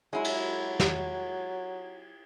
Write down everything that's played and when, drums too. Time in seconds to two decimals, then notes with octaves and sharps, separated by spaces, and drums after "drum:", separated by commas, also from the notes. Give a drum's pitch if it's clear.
0.13 F#3 G#3 E4
0.24 drum: cymbal
0.80 drum: snare